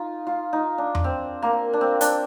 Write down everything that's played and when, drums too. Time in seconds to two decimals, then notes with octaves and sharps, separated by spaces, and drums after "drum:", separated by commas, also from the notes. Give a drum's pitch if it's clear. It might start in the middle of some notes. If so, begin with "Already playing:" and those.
Already playing: D#4 F4
0.27 F4
0.53 D#4
0.78 D4
0.95 drum: tom E2
1.04 C4
1.42 A#3
1.73 D4
1.81 C4
2.01 D4, drum: hi-hat